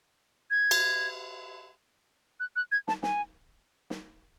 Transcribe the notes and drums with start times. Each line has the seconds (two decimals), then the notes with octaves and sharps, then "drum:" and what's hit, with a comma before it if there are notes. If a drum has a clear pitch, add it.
0.51 G#6
0.71 drum: cymbal
2.40 F#6
2.56 F#6
2.72 G#6
2.88 A5, drum: snare
3.03 G#5, drum: snare
3.90 drum: snare